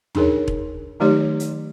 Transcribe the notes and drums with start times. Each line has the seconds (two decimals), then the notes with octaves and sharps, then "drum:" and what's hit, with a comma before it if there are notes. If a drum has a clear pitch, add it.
0.15 D4 D#4 G#4 A#4 C#5, drum: tom
0.48 drum: kick E1
1.00 D#3 F#3 A3 D#4 G4 C#5
1.40 drum: hi-hat